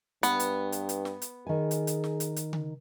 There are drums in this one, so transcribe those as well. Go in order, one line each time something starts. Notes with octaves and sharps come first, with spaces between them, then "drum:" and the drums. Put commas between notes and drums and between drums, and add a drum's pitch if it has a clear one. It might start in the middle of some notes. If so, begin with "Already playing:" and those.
G2 B3, drum: hi-hat
drum: hi-hat
drum: hi-hat
drum: hi-hat
drum: snare
drum: hi-hat
D#3 G#4 G#5
drum: hi-hat
drum: hi-hat
drum: snare
drum: hi-hat
drum: hi-hat
drum: tom C#3